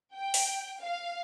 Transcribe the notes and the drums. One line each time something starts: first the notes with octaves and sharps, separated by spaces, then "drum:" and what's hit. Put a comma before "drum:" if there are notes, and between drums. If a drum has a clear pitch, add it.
G5
drum: open hi-hat
F5